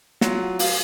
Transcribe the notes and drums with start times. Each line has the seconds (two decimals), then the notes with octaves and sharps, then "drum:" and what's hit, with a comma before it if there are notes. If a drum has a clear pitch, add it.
0.21 F#3 F4, drum: snare
0.59 F5, drum: open hi-hat